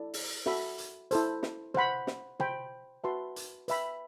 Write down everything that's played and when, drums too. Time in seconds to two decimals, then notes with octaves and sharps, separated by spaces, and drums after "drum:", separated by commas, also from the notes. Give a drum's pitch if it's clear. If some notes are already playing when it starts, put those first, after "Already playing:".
Already playing: E4 A4 D5
0.14 drum: open hi-hat
0.46 F#4 A4 E5 B5, drum: snare
0.78 drum: hi-hat
1.11 E4 A4 C5, drum: hi-hat
1.43 drum: snare
1.74 C5 F#5 B5, drum: tom
2.07 drum: snare
2.40 C5 G5 B5, drum: tom
3.04 F#4 B4 E5 A5 C6
3.36 drum: hi-hat
3.68 B4 E5 G5 B5, drum: hi-hat